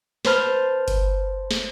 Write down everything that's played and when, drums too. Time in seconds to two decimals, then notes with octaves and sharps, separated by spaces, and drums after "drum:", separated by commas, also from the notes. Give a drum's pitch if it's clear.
0.25 B4 C5 A5 F6 G6, drum: snare
0.88 drum: kick G1, hi-hat
1.51 drum: snare